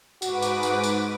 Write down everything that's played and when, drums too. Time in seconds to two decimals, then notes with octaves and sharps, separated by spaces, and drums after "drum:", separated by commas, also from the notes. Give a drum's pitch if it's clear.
0.22 G#2 F#4 B4 D6, drum: tambourine
0.42 drum: tambourine
0.63 drum: tambourine
0.83 drum: tambourine